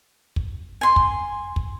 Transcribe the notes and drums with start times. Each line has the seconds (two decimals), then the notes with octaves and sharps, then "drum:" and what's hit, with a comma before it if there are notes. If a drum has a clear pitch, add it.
0.36 drum: kick
0.81 G#5 C6
0.96 drum: kick
1.56 drum: kick